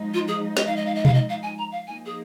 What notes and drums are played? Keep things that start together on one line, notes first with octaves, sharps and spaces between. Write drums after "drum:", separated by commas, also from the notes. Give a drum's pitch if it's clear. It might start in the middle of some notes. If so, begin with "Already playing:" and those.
Already playing: F3 G#3 D#4
F4
G#4
D#5, drum: snare
F5
D#5
F5
D#5
F5, drum: tom B2
D#5
F5
G#5
A#5
F5
F3 A#3 D#4 G#5
G#4